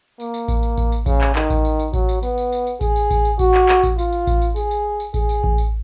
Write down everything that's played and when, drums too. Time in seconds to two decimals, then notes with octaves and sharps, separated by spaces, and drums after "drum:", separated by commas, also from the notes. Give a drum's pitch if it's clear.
0.20 A#3, drum: tambourine
0.34 drum: tambourine
0.48 drum: kick A1, tambourine
0.63 drum: tambourine
0.77 drum: kick A1, tambourine
0.92 drum: tambourine
1.06 C#3, drum: kick A1, tambourine
1.21 drum: clap
1.36 D#3, drum: clap
1.50 drum: kick A1, tambourine
1.65 drum: tambourine
1.79 drum: tambourine
1.94 F#3, drum: kick A1, tambourine
2.09 drum: tambourine
2.23 B3, drum: tambourine
2.38 drum: tambourine
2.52 drum: tambourine
2.67 drum: tambourine
2.81 G#4, drum: kick A1, tambourine
2.96 drum: tambourine
3.11 drum: kick A1, tambourine
3.25 drum: tambourine
3.39 F#4, drum: kick A1, tambourine
3.54 drum: clap
3.69 drum: clap
3.83 drum: kick A1, tambourine
3.98 F4, drum: tambourine
4.13 drum: tambourine
4.27 drum: kick A1, tambourine
4.42 drum: tambourine
4.56 G#4, drum: tambourine
4.71 drum: tambourine
5.00 drum: tambourine
5.14 G#4, drum: kick A1, tambourine
5.29 drum: tambourine
5.44 drum: kick A1
5.58 drum: tambourine